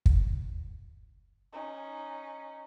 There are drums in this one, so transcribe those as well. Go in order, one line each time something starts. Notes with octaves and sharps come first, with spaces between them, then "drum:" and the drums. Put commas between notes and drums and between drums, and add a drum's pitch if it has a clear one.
drum: kick
C#4 D#4